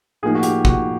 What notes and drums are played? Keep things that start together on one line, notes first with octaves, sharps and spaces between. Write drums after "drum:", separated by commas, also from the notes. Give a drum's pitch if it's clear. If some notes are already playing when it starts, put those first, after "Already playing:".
A2 F3 A#3 D#4 G#4
F#4
G4, drum: hi-hat
F#4, drum: kick G1